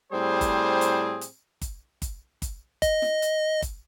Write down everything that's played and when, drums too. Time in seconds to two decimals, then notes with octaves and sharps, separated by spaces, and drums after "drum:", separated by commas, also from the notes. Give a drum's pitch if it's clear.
0.12 A2 G3 C4 G#4 C5
0.41 drum: kick G1, hi-hat
0.81 drum: hi-hat
1.21 drum: hi-hat
1.62 drum: kick G1, hi-hat
2.02 drum: kick G1, hi-hat
2.42 drum: kick G1, hi-hat
2.82 D#5, drum: kick G1, hi-hat
3.02 drum: snare
3.22 drum: hi-hat
3.62 drum: kick G1, hi-hat